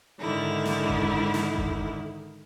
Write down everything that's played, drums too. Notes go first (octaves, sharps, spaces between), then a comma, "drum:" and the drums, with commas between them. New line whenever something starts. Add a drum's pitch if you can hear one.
G#2 D3 D#3 E4
drum: snare
drum: kick F#1
drum: snare
drum: kick F#1